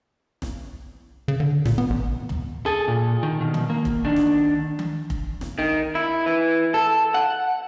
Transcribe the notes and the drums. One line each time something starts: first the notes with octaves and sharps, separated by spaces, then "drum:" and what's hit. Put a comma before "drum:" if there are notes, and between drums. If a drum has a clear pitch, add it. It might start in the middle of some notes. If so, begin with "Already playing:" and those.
drum: snare
C#3
D3
A#2, drum: snare
B3
A1
drum: tom
G#4 A4
A#2
D#3
B2 D#3
drum: tom D#3
A#3
drum: kick F1
D#3 D4
drum: snare
drum: tom D#3
drum: kick F1
drum: snare
D#3
E4
E3
A4
F#5